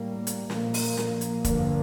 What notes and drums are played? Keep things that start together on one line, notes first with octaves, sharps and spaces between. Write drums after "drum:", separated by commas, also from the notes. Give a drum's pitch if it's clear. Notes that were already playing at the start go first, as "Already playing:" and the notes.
Already playing: A2 G3 A#3
drum: hi-hat
A#2 F3 A#3, drum: snare
drum: open hi-hat
drum: snare
drum: hi-hat
G2 D3 F3 A#3, drum: kick E1, hi-hat